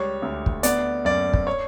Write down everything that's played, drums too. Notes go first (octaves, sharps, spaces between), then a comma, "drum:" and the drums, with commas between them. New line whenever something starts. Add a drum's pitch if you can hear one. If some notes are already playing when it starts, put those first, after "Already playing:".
Already playing: C#2 G3 C#5
D2
drum: kick
B3 D5, drum: hi-hat
F#2 D5
drum: kick
C#5